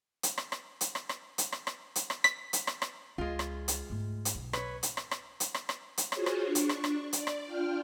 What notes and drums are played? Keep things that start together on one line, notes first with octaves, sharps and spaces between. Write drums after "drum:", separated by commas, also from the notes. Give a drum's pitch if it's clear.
drum: hi-hat
drum: rim click
drum: rim click
drum: hi-hat
drum: rim click
drum: rim click
drum: hi-hat
drum: rim click
drum: rim click
drum: hi-hat
drum: rim click
B6, drum: rim click
drum: hi-hat
drum: rim click
drum: rim click
C#2 G#3 F4
drum: rim click
drum: hi-hat
G#2 A3
drum: hi-hat
B1
B4 C#5, drum: rim click
drum: hi-hat
drum: rim click
drum: rim click
drum: hi-hat
drum: rim click
drum: rim click
drum: hi-hat
F4 F#4 G#4 C5 C#5, drum: rim click
drum: rim click
D4 C#6
drum: hi-hat
drum: rim click
drum: rim click
D5, drum: hi-hat
drum: rim click
D4 F4 G5 F6